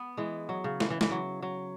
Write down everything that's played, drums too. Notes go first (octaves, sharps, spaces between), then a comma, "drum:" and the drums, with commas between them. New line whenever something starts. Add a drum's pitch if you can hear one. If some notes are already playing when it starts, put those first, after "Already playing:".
Already playing: B3
E3 G#3
F#3
C#3
E3, drum: snare
E3
E3, drum: snare
F#3
F#3